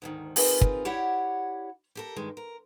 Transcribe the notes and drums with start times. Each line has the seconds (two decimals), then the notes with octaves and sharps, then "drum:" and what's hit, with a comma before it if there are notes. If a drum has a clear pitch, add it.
0.02 D2 G#2 D#3
0.36 C4 D#4 F4 G#4 A#4 B4, drum: open hi-hat
0.61 drum: kick
0.85 E4 G4 C#5 D5 F#5
1.95 G4 A4 A#4
2.16 G2 D#3 G#3
2.37 A#4